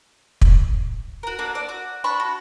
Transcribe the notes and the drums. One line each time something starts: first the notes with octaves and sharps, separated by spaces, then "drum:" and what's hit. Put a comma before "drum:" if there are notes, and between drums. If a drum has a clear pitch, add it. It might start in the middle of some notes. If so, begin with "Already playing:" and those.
drum: kick
F#4 A#4
A#3 D4 F#4 A4
D5
F#4
D4 A5 B5 C#6
F#4